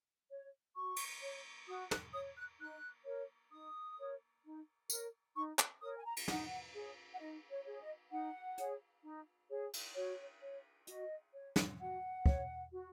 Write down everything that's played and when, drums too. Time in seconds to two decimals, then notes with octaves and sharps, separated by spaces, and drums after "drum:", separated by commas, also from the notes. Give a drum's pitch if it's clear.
0.31 C#5
0.76 F#4 C#6
0.96 drum: cymbal
1.22 C#5
1.68 F#4 D#6
1.91 F#6, drum: snare
2.14 C#5 D#6
2.37 F#6
2.60 D#4 F#6
3.06 A#4 C#5
3.52 D#4 D#6
3.98 A#4 C#5
4.44 D#4
4.90 A#4 C#5, drum: tambourine
5.36 D#4 C#6
5.59 F#6, drum: clap
5.82 A#4 C#5 D#6
5.97 G#5
6.05 A#5
6.17 drum: cymbal
6.28 D#4 F#5, drum: snare
6.74 G#4 C#5
7.12 F#5
7.20 D#4 D#5
7.51 C#5
7.65 G#4 C#5
7.81 D#5
8.11 D#4 F#5
8.58 G#4 C#5, drum: hi-hat
9.04 D#4
9.49 G#4 C#5
9.73 drum: cymbal
9.96 F#4 C#5
10.41 C#5
10.87 F#4 D#5, drum: hi-hat
11.33 C#5
11.56 drum: snare
11.80 F#4 F#5
12.26 C#5, drum: kick
12.71 F#4